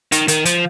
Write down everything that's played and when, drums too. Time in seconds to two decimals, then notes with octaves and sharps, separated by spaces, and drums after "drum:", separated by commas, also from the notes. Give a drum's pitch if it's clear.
0.12 D#3, drum: hi-hat
0.28 D#3, drum: hi-hat
0.45 F3, drum: hi-hat